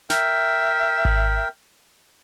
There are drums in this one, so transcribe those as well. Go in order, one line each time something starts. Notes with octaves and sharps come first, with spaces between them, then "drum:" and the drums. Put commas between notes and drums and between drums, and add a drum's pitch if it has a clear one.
A#4 E5 G5, drum: snare
drum: kick G#1